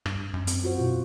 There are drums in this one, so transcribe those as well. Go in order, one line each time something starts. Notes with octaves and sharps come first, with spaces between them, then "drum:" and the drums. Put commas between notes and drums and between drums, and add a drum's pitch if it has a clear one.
G2, drum: rim click
F#2
C4, drum: hi-hat
F4 F#4 C5
B2 E4 F4